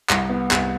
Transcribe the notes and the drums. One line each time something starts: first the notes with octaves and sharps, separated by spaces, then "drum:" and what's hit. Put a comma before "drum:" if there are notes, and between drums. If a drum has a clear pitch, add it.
C2, drum: clap
B3
C2, drum: clap